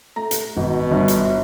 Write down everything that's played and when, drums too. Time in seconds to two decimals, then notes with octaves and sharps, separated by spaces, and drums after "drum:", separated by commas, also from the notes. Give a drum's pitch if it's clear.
0.16 A3 A#5
0.31 drum: hi-hat
0.57 G#1 B2
0.91 G1
1.08 drum: hi-hat